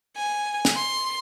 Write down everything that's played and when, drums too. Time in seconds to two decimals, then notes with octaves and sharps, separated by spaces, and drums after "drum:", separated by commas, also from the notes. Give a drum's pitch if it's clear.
0.16 G#5
0.65 drum: snare
0.75 C6